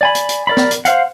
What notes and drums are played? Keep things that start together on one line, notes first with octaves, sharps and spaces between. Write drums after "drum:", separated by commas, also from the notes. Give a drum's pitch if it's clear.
D5 G#5 B5
drum: hi-hat
drum: hi-hat
A#4 D5 B5
drum: snare
drum: hi-hat
C5 F5 F#5, drum: hi-hat